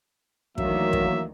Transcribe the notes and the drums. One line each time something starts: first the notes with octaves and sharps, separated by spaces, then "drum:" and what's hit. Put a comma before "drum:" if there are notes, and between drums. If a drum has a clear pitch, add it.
D2 D#3 E3 F#3 A#3 E5, drum: kick
drum: kick